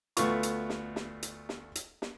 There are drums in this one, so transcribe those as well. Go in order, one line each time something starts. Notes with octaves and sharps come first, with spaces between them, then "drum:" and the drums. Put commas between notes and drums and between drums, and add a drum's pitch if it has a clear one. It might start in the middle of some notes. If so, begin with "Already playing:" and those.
D2 A3 B3 F4 C#6, drum: hi-hat
drum: hi-hat
drum: snare
drum: snare
drum: hi-hat
drum: snare
drum: hi-hat
drum: snare